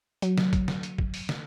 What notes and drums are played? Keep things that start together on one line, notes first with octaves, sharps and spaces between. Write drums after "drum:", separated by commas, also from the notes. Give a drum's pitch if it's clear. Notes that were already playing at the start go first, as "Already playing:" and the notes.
F#3, drum: hi-hat
drum: snare
drum: kick, hi-hat
drum: snare
drum: hi-hat
drum: kick
drum: open hi-hat
drum: snare